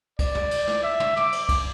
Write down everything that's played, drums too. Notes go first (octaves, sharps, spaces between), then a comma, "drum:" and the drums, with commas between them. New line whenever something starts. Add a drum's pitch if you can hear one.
D5, drum: kick C#2, cymbal
drum: tom
drum: cymbal
drum: snare
E5
drum: tom
D6, drum: snare
drum: cymbal
drum: kick C#2, cymbal